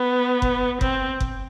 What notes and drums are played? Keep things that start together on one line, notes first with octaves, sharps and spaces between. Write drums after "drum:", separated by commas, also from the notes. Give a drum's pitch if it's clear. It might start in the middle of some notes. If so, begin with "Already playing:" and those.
Already playing: B3
drum: kick F#1
C4, drum: kick F#1
drum: kick F#1